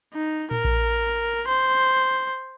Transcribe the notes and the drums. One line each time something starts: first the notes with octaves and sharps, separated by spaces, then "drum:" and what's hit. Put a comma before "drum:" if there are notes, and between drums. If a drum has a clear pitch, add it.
D#4
A#4, drum: tom A2
drum: kick A#1
C5